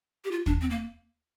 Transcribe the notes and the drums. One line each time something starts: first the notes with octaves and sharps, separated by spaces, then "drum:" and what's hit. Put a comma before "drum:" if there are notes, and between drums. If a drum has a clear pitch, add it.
G4
F4
D4, drum: kick
C4
A#3